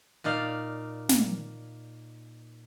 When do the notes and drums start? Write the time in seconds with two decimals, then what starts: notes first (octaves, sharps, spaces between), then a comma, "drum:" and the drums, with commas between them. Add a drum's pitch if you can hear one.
0.24 A#2 D#4 D5 F5
1.09 drum: snare